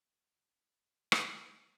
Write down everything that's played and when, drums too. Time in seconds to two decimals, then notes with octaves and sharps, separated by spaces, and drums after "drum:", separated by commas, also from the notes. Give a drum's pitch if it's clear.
0.21 B3 C5 E5
1.12 drum: rim click